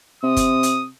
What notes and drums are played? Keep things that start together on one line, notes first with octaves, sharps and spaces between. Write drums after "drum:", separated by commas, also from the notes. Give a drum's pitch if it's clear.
C3 D#6
drum: kick, hi-hat
drum: hi-hat